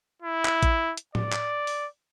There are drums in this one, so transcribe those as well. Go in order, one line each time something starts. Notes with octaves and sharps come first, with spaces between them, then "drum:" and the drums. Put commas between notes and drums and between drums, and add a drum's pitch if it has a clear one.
E4
drum: clap
drum: kick A1, hi-hat
drum: hi-hat
D5, drum: tom A2
drum: clap
drum: open hi-hat